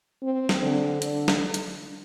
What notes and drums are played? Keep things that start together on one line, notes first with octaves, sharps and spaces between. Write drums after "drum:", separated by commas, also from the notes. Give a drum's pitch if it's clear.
C4
drum: snare
D3
D3, drum: hi-hat
drum: snare
drum: hi-hat